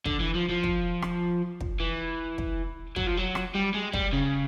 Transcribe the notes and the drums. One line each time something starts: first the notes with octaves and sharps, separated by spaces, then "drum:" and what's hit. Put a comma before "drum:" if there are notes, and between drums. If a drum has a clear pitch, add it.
D3, drum: kick
E3
F3
F3
drum: kick
drum: rim click
drum: kick
E3
drum: kick
F#3, drum: kick
F3
F#3
drum: rim click
G3
G#3
G3, drum: kick
C#3